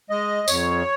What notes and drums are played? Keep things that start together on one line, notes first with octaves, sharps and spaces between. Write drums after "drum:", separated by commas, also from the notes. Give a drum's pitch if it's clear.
G#3 D#5
F2 C#5, drum: tambourine